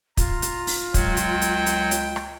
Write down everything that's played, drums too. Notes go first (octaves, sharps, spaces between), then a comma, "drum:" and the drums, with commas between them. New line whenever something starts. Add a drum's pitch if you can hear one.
F4 A#5, drum: kick, hi-hat
drum: hi-hat
drum: open hi-hat
C#2 F#3 G5, drum: kick, hi-hat
drum: hi-hat
drum: hi-hat
drum: hi-hat
drum: hi-hat
drum: rim click